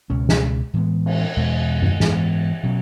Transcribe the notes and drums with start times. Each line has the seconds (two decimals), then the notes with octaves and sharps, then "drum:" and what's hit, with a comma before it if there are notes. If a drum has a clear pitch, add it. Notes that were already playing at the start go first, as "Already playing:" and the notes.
0.10 C#2 B2 G#3 C#4
0.29 drum: snare
0.74 A2 E3 G#3 B3
1.06 drum: cymbal
1.37 E2 B2 G#3
1.82 drum: tom F#2
2.00 G#2 E3 G#3 B3, drum: snare
2.63 B2 F#3 C#4